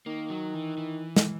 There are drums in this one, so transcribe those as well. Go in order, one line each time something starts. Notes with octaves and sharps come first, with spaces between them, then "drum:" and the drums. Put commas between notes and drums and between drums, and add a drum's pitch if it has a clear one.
D#3 A#3
F#3
E3
E3
drum: snare